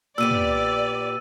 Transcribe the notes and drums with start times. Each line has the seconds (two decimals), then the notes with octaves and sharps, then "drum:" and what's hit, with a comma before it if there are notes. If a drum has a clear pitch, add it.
0.18 A#2 B3 G4 D5 E6 D#7
0.31 drum: tom